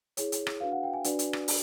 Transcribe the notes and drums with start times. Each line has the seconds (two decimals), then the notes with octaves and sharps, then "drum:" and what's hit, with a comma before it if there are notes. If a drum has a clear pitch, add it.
0.17 E4 G#4 C#5, drum: hi-hat
0.32 drum: hi-hat
0.47 drum: rim click
0.60 D4 F#4 B4 F5
0.72 F#5
0.83 G5
0.94 G#5
1.04 D4 F#4 B4 D5, drum: hi-hat
1.19 drum: hi-hat
1.33 drum: rim click
1.48 drum: open hi-hat